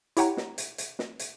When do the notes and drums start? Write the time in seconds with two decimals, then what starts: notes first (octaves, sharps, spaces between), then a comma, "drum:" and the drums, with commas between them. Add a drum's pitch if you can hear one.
0.17 E4 G4 C#5 F#5 G5 A#5, drum: hi-hat
0.37 drum: snare
0.58 drum: hi-hat
0.78 drum: hi-hat
0.99 drum: snare
1.19 drum: hi-hat